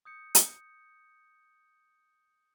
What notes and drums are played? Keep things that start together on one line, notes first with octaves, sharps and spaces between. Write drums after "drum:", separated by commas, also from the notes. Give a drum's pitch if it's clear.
D#6 G6 C#7
drum: hi-hat